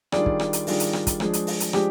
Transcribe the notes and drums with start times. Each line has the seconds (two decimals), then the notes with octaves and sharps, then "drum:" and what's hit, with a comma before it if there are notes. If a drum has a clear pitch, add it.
0.12 D#3 G3 D4 F4 G#4 D5, drum: rim click
0.26 drum: kick
0.40 drum: rim click
0.53 drum: hi-hat
0.67 D#3 G3 D4 F4 G#4, drum: open hi-hat
0.80 drum: hi-hat
0.93 drum: rim click
1.07 drum: kick, hi-hat
1.20 F3 G#3 D4 G#4, drum: rim click
1.33 drum: hi-hat
1.47 drum: open hi-hat
1.60 drum: hi-hat
1.73 F3 G#3 D4 G4 G#4, drum: rim click